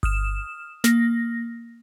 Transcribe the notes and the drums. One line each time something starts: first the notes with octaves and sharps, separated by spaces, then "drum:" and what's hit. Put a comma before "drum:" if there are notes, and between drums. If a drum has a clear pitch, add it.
D#6 F6 E7, drum: kick G1
A#3 A#6, drum: snare